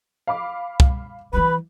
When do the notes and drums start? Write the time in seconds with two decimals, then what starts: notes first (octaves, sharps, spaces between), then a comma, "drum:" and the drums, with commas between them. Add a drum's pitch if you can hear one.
0.27 F5 B5 D6
0.80 drum: kick C2
1.33 E3 G3 B4 B5